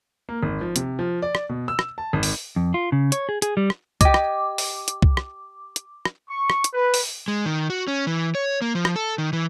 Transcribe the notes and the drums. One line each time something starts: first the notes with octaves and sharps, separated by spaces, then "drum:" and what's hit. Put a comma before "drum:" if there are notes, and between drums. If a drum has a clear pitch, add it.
A#3
G#1
F3
C3, drum: hi-hat
F3
D5
drum: rim click
B2
E6
drum: rim click
A5
G#1
drum: open hi-hat
F2
F4
C#3
C#5, drum: hi-hat
G#4
G#4, drum: hi-hat
G3
drum: rim click
G4 D#5 D6, drum: kick C2, hi-hat
drum: rim click
drum: open hi-hat
drum: hi-hat
drum: kick C2
drum: rim click
drum: hi-hat
drum: rim click
C#6
drum: rim click
drum: hi-hat
B4
drum: open hi-hat
G#3
D#3
F#4
C#4
E3
C#5
A#3
F3
drum: rim click
A4
D#3
E3